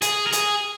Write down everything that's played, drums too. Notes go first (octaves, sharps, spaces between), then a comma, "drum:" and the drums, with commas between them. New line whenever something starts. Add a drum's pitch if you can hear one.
G#4, drum: hi-hat
A#4
G#4, drum: hi-hat